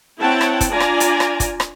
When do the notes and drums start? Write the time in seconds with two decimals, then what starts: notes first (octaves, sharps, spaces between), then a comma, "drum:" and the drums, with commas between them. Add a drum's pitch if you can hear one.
0.21 C4 E4 C#5 F#5 G5 A5
0.41 drum: rim click
0.61 drum: kick, hi-hat
0.70 D4 F4 D5 G#5 A#5
0.80 drum: rim click
1.00 drum: hi-hat
1.20 drum: rim click
1.40 drum: kick, hi-hat
1.60 drum: rim click